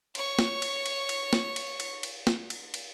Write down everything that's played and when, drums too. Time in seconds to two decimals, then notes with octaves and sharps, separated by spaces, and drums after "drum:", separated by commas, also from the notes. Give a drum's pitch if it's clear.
0.15 C#5 C#6, drum: cymbal
0.39 drum: snare
0.62 drum: cymbal
0.86 drum: cymbal
1.09 drum: cymbal
1.33 drum: snare
1.56 drum: cymbal
1.80 drum: cymbal
2.03 drum: cymbal
2.27 drum: snare
2.50 drum: cymbal
2.74 drum: cymbal